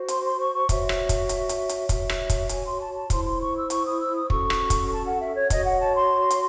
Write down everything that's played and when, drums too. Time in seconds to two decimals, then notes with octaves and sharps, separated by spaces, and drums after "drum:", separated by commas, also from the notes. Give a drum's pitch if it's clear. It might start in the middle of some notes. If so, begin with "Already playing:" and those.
Already playing: F#4 C5
0.08 C6, drum: hi-hat
0.24 C6
0.39 C#6
0.54 C#6
0.69 F#4 C#5 E5, drum: kick, hi-hat
0.89 drum: rim click
1.09 drum: kick, hi-hat
1.29 drum: hi-hat
1.49 drum: hi-hat
1.69 drum: hi-hat
1.89 F#4 C#5 E5, drum: kick, hi-hat
2.09 drum: rim click
2.30 drum: kick, hi-hat
2.49 G#5, drum: hi-hat
2.65 C6
2.80 A5
2.95 A5
3.10 E4 C5 C6, drum: kick, hi-hat
3.24 C6
3.40 C#6
3.55 E6
3.70 C#6, drum: hi-hat
3.85 D#6
4.00 E6
4.15 D#6
4.30 C#4 F#4 A4 C#6, drum: kick
4.50 drum: rim click
4.70 drum: kick, hi-hat
4.90 A5
5.05 F#5
5.20 E5
5.35 C#5
5.50 F#4 C#5 D#5, drum: kick, hi-hat
5.65 F#5
5.81 A5
5.95 C6
6.31 drum: hi-hat